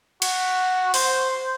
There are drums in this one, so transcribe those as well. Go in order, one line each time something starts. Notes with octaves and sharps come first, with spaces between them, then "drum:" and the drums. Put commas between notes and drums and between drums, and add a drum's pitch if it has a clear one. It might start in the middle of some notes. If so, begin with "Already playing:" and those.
F#4, drum: cymbal
C5, drum: open hi-hat